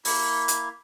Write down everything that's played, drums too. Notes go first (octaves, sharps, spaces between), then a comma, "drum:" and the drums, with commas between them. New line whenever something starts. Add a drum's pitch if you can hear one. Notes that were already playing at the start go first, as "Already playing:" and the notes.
A#3 E4, drum: open hi-hat
drum: hi-hat